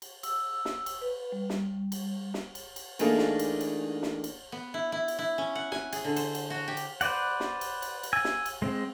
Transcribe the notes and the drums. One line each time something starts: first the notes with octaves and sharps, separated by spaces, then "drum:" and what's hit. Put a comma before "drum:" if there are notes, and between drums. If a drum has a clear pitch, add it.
drum: cymbal
E6, drum: cymbal
drum: snare
drum: cymbal
B4
G3
drum: snare
drum: cymbal
drum: snare
drum: cymbal
drum: cymbal
E3 A3 A#3 D4 D#4 G#4, drum: cymbal
drum: snare
drum: cymbal
drum: cymbal
drum: snare
drum: cymbal
B3
E4
E4
drum: cymbal
E4
C#4
F#5
G#5, drum: snare
G#4, drum: cymbal
D3
C5, drum: cymbal
drum: cymbal
F#4
G4
drum: cymbal
B4 C5 D5 F#5, drum: cymbal
drum: snare
drum: cymbal
drum: cymbal
drum: cymbal
G#5 E6
drum: snare
drum: cymbal
G#3 C4